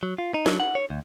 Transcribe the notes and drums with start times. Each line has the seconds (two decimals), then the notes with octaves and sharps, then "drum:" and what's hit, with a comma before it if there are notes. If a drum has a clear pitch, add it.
0.03 F#3
0.18 F4
0.34 D#4
0.46 F#3, drum: snare
0.60 F#5
0.75 C#5
0.90 D2